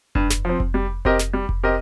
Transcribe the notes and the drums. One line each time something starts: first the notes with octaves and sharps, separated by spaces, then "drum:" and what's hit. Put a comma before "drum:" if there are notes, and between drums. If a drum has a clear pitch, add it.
G2, drum: kick F1
drum: snare
F3 C4
drum: kick F1
G3
C4 G4 A#4 D#5, drum: kick F1
drum: snare
G3
drum: kick F1
C4 G4 A#4 D#5